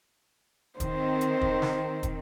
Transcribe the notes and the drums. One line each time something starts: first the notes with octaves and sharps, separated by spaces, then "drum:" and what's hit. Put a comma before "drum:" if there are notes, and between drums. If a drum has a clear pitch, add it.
D#3 C4 C5, drum: kick, hi-hat
drum: hi-hat
drum: kick
drum: snare
drum: kick, hi-hat